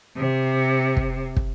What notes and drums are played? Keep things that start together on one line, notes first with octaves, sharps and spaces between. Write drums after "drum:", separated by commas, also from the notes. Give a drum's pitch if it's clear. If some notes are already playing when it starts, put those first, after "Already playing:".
C3
drum: kick
drum: kick